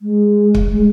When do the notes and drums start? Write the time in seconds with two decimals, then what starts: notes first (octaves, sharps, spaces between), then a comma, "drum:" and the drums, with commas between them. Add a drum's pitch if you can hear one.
0.02 G#3
0.55 drum: kick
0.72 G#3